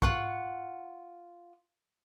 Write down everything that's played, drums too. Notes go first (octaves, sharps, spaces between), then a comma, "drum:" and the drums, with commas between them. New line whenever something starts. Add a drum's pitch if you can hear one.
F4 F#5 C#6, drum: kick